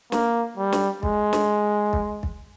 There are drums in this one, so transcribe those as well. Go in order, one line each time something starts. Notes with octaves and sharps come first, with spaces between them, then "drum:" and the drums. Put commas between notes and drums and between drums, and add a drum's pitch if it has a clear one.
A#3, drum: snare
G3
drum: snare
G#3, drum: kick
drum: snare
drum: kick
drum: kick